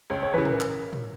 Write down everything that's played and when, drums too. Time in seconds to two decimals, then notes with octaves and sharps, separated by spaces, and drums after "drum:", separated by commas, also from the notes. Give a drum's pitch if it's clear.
0.10 C#2 C#5
0.22 C#5
0.33 C#3 E3 B4
0.45 A#4, drum: tom
0.61 drum: clap
0.93 drum: tom